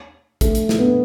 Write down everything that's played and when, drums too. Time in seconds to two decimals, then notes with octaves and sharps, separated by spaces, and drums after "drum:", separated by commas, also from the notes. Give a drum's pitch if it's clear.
0.41 A3, drum: kick, hi-hat
0.55 drum: hi-hat
0.69 drum: snare
0.79 B3